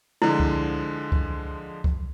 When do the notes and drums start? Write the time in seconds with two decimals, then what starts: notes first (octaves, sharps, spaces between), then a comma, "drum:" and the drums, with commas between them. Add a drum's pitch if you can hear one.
0.22 D3 F3 G#3 E4
0.40 drum: kick C#2
1.12 drum: kick C#2
1.84 drum: kick C#2